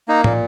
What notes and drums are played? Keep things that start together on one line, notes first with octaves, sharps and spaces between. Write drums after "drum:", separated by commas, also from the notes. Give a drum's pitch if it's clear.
A#3 D#4
A#2, drum: tom